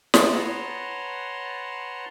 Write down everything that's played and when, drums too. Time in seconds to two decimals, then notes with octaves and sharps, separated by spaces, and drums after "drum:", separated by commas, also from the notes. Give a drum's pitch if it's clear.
0.14 drum: snare
0.32 B4 C#5 F#5 A5 A#5 C6